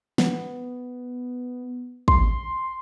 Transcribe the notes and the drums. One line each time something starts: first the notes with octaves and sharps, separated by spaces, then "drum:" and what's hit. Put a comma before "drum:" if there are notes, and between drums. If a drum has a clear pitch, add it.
B3, drum: snare
C6, drum: kick